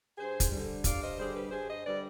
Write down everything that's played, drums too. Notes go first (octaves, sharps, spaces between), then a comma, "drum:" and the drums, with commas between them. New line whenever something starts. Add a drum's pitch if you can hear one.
G2 G#4 C5
drum: kick, hi-hat
G3
D3
G2 D5 F5, drum: kick, hi-hat
C5 D#5
D3 G3 G#4 C5
G4 B4
G2 G#4 C5
C5 D#5
D3 G3 B4 D5